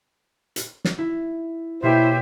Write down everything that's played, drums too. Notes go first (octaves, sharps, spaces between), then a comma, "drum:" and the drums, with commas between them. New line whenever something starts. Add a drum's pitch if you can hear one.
drum: hi-hat
drum: snare
E4
B2 A#3 E4 G4 C5 C#5 E5